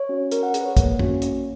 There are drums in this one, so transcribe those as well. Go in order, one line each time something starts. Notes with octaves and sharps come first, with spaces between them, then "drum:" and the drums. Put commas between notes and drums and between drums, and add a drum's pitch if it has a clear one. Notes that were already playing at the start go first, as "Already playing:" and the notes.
Already playing: C#5
C#4 F#4
C#4 A#4, drum: hi-hat
F#5
G#4, drum: hi-hat
B4
C#5
A#3, drum: kick, hi-hat
C#4 F#4, drum: tom
A#3, drum: hi-hat